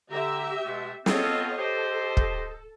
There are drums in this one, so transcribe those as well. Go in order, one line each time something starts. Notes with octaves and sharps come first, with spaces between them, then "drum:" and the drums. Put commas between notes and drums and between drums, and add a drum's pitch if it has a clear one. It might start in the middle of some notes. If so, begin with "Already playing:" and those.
D3 G4 E5 A#5
B2 G#3 A3
B3 C4 F4 A4 C#5 D#5, drum: snare
G4 A4 C5 D#5
drum: kick